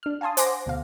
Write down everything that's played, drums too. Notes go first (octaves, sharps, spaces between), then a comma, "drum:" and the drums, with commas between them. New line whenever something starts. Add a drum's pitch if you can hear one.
D4 F6
F5 G#5 A5 C6 D#6
C5 F#5 G#5 C6 D6 A#6, drum: hi-hat
D2 B2 F5